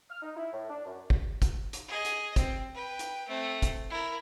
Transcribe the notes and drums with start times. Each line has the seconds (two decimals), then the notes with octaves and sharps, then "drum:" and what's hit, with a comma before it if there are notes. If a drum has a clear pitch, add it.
0.10 F6
0.22 D#4
0.36 E4
0.52 A2
0.69 D4
0.86 F#2
1.10 drum: kick
1.42 drum: kick, hi-hat
1.73 drum: hi-hat
1.88 G#4 D#5
2.05 drum: hi-hat
2.36 C4, drum: kick, hi-hat
2.74 B4 G5
2.99 drum: hi-hat
3.28 A3 C4
3.62 drum: kick, hi-hat
3.90 E4 A#4